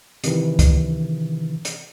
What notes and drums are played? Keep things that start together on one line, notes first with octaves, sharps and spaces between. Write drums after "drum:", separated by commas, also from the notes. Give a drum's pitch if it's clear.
C3 D#3 E3, drum: hi-hat
drum: kick, hi-hat
drum: hi-hat